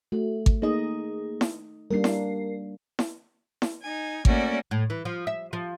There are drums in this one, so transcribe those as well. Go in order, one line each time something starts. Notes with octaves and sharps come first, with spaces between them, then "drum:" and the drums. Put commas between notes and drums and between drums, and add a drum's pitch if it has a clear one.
A3 F#4
drum: kick G#1
A#3 D#4 G#4 D#5
drum: snare E4
G3 A#3 D4 A#4 C7
drum: snare E4
drum: snare E4
drum: snare E4
D#4 G#5
A3 A#3 C#4 F#4 D5, drum: kick G#1
A2
E3
F3
E5
F3